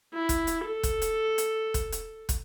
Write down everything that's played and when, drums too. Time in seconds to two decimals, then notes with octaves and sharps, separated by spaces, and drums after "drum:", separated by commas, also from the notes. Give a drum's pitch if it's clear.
0.14 E4
0.29 drum: kick, hi-hat
0.47 drum: hi-hat
0.65 A4
0.83 drum: kick, hi-hat
1.02 drum: hi-hat
1.38 drum: hi-hat
1.74 drum: kick, hi-hat
1.92 drum: hi-hat
2.29 drum: kick, hi-hat